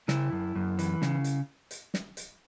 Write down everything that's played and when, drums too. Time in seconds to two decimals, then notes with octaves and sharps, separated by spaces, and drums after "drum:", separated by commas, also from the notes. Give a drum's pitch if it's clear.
0.08 C#3 E4, drum: snare
0.32 F#2
0.56 F#2
0.79 E3, drum: hi-hat
1.02 C#3, drum: snare
1.24 drum: hi-hat
1.71 drum: hi-hat
1.94 drum: snare
2.17 drum: hi-hat